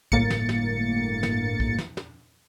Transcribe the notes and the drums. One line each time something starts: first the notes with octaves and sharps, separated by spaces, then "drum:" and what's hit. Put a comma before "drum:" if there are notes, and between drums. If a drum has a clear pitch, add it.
G1 A2 A#3 A6 C#7, drum: kick A#1
drum: snare
drum: snare
drum: snare
drum: kick A#1
drum: snare
drum: snare